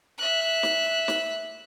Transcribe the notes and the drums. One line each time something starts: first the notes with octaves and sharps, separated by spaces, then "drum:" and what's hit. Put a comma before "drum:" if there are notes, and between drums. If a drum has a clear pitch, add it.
E5 F#6
drum: snare
drum: snare